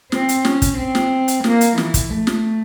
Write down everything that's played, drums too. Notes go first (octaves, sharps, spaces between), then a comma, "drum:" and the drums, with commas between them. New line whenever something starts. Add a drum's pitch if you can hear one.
C4, drum: snare
drum: hi-hat
C#4, drum: snare
drum: kick, hi-hat
C4
drum: snare
drum: hi-hat
A#3, drum: snare
drum: hi-hat
E3, drum: snare
drum: kick, hi-hat
A3
drum: snare